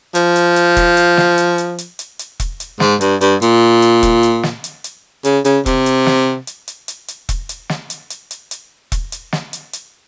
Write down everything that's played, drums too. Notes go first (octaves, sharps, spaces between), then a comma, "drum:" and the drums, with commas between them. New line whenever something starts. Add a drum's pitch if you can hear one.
F3, drum: hi-hat
drum: hi-hat
drum: hi-hat
drum: kick E1, hi-hat
drum: hi-hat
drum: snare
drum: hi-hat
drum: hi-hat
drum: hi-hat
drum: hi-hat
drum: hi-hat
drum: kick E1, hi-hat
drum: hi-hat
G#2, drum: snare
G2, drum: hi-hat
G2, drum: hi-hat
A#2, drum: hi-hat
drum: hi-hat
drum: kick E1, hi-hat
drum: hi-hat
drum: snare
drum: hi-hat
drum: hi-hat
C#3, drum: hi-hat
C#3, drum: hi-hat
C3, drum: kick E1, hi-hat
drum: hi-hat
drum: snare
drum: hi-hat
drum: hi-hat
drum: hi-hat
drum: hi-hat
drum: kick E1, hi-hat
drum: hi-hat
drum: snare
drum: hi-hat
drum: hi-hat
drum: hi-hat
drum: hi-hat
drum: kick E1, hi-hat
drum: hi-hat
drum: snare
drum: hi-hat
drum: hi-hat